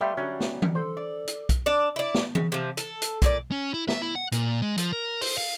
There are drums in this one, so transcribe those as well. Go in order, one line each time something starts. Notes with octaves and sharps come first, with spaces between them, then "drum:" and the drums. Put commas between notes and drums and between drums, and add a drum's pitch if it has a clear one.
G3 A3 B3 E5 F5 G5 C6
D3 F#3 G3 C#4 F#4
drum: snare
drum: tom E3
D4 A4 C5
D5
drum: hi-hat
drum: kick, hi-hat
D4 D5
E4 D5
drum: snare
C#3, drum: tom E3
C3 F3
A4, drum: hi-hat
drum: hi-hat
A#2 G#4 D5, drum: kick, hi-hat
C#4
E4
E5, drum: snare
E4
F#5
A#2, drum: hi-hat
G#3
F3, drum: hi-hat
A#4
C5, drum: open hi-hat
F5